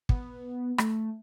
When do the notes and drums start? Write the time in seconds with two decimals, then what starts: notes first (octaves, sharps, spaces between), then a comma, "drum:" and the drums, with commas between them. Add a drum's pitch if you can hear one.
0.09 B3, drum: kick
0.78 A3, drum: rim click